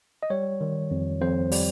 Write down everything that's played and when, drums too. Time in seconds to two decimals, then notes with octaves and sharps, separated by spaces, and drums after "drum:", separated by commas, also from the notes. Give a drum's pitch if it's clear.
0.23 D#5
0.30 G3 C#5
0.61 D#3
0.91 F2
1.21 F2 C5
1.52 G3, drum: open hi-hat